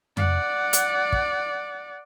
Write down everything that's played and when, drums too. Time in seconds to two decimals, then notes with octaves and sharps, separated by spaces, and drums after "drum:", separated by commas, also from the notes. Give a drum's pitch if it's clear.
0.17 D5 F#5, drum: tom F2
0.73 drum: hi-hat
1.12 drum: kick